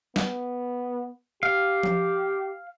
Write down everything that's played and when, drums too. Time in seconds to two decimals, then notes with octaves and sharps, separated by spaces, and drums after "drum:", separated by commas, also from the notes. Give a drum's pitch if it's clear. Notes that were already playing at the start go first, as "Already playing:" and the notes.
0.16 B3, drum: snare
1.43 G4 F5
1.83 drum: tom F3